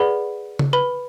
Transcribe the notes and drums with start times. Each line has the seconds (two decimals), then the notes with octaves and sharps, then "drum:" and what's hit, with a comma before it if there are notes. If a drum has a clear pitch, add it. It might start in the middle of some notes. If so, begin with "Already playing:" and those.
Already playing: G#4 B4 D5 F#5 B5
0.59 drum: tom C#3
0.73 B4 B5